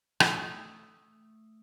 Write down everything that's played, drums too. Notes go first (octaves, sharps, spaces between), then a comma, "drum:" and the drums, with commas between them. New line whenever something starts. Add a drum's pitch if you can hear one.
A3 D#6 E6, drum: rim click